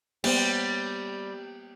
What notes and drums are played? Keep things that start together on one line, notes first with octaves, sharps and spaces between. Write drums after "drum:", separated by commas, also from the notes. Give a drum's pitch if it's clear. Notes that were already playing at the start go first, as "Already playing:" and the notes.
G3 A#3 B3 C5, drum: cymbal